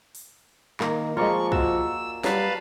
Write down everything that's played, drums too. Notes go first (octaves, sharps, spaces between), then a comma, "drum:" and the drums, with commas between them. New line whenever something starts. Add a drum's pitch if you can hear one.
drum: open hi-hat
D#3 A#3, drum: clap
F3 G#3 A#3 F4 G#4 D5 C#6
F#4 E6, drum: kick
F#3 G3 B4 F5 A5, drum: snare